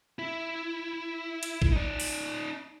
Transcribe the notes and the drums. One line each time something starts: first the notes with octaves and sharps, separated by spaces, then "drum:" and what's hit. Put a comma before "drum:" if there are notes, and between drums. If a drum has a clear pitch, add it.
E4
drum: hi-hat
drum: kick A1
D#4 D5
drum: open hi-hat